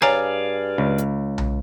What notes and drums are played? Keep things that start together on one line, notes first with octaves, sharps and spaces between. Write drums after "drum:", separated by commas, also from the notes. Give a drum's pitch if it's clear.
G2 G#4 C#5 D5 F5 G#5 A#5
C#2
drum: hi-hat
drum: tom B1